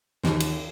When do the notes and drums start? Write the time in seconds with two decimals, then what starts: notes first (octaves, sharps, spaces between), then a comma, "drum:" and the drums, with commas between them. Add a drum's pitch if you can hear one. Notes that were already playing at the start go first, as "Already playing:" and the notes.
0.24 D#2, drum: snare
0.40 drum: cymbal